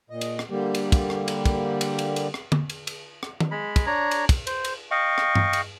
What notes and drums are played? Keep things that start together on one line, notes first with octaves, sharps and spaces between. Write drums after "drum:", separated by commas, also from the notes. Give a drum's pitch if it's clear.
A#2 D#5
drum: cymbal
drum: rim click
D3 G3 A#3 G4
drum: cymbal
drum: kick, cymbal
drum: rim click
drum: cymbal
drum: kick, cymbal
drum: cymbal
drum: cymbal
drum: cymbal
drum: rim click
drum: tom D3
drum: cymbal
drum: cymbal
drum: rim click
drum: tom D#3
G#3 B5
drum: kick, cymbal
D4 C#5 A#5
drum: cymbal
drum: kick, cymbal
C5, drum: cymbal
drum: cymbal
D#5 F5 G5 C#6
drum: rim click
drum: tom G2
drum: cymbal